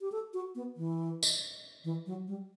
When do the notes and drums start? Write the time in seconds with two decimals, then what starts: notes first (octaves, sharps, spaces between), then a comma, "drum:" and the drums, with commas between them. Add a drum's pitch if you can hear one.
0.01 G4
0.12 A4
0.34 F#4
0.55 B3
0.77 E3
1.23 drum: tambourine
1.84 E3
2.06 F#3
2.27 G3